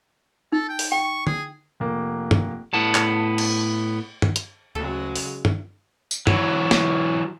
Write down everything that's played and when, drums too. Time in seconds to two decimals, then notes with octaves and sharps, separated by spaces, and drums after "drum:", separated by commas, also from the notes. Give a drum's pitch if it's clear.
0.52 D#4 A4
0.69 G5
0.79 drum: open hi-hat
0.92 G5 C#6
1.27 G#4, drum: tom
1.80 F1 A#3
2.31 drum: tom G2
2.73 A2 B3 A5
2.95 drum: clap
3.38 drum: cymbal
4.22 drum: tom G2
4.36 drum: hi-hat
4.75 D2 C#3 F#3 G#3 A4
5.16 drum: open hi-hat
5.45 drum: tom G2
6.11 drum: tambourine
6.27 E3 F#3, drum: tom G2
6.71 drum: snare